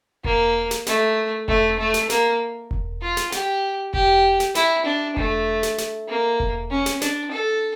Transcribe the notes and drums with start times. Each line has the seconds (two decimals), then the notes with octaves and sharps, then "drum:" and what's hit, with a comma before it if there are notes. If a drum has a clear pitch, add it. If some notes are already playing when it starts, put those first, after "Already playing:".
0.24 A#3, drum: kick E1
0.71 drum: snare
0.87 A3, drum: snare
1.48 A3, drum: kick E1
1.79 A3
1.94 drum: snare
2.10 A#3, drum: snare
2.71 drum: kick E1
3.02 F4
3.17 drum: snare
3.32 G4, drum: snare
3.94 G4, drum: kick E1
4.40 drum: snare
4.55 E4, drum: snare
4.85 D4
5.17 A3, drum: kick E1
5.63 drum: snare
5.78 drum: snare
6.08 A#3
6.40 drum: kick E1
6.70 C#4
6.86 drum: snare
7.02 D4, drum: snare
7.32 A4